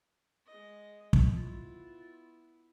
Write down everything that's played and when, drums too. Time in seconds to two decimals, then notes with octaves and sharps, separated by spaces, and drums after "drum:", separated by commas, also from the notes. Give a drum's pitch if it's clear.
0.46 G#3 D#5
1.13 drum: kick
1.36 B3 E4 F4